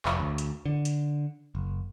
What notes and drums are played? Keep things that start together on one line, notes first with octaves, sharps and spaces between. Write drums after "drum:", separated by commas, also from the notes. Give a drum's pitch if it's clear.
F1, drum: clap
D2
drum: hi-hat
D3
drum: hi-hat
F#1